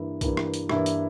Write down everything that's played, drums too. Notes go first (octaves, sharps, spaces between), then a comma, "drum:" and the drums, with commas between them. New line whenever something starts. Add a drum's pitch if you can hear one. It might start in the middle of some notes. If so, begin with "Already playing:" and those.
Already playing: G2 E3 A#3 E4
G2 E3 A#3 E4, drum: kick B1, hi-hat
drum: rim click
drum: hi-hat
G2 E3 A#3 E4, drum: rim click
drum: hi-hat